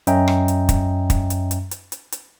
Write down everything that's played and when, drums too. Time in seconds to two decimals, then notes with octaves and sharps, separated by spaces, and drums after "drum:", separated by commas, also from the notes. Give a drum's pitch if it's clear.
0.07 F#2 C#4 D#5 E5 G5 A#5, drum: hi-hat
0.28 drum: rim click
0.48 drum: hi-hat
0.69 drum: kick, hi-hat
1.10 drum: kick, hi-hat
1.30 drum: hi-hat
1.51 drum: hi-hat
1.71 drum: hi-hat
1.92 drum: hi-hat
2.12 drum: hi-hat